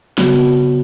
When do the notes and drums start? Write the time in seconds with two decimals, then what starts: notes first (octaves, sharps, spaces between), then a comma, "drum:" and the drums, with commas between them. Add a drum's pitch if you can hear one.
0.18 C#3 B3 F#4, drum: snare